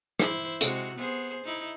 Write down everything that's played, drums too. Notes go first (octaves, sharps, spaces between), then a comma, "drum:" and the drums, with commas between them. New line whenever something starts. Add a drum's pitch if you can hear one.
E4 C5, drum: rim click
C3 G#3 F#4, drum: hi-hat
B3 G#4 C5
D#4 E4